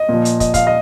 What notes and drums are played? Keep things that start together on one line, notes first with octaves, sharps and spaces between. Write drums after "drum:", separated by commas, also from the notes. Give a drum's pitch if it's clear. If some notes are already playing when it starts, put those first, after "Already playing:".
Already playing: D#5
A#2 F3
drum: hi-hat
D#5, drum: kick, hi-hat
F5, drum: kick, hi-hat
D#5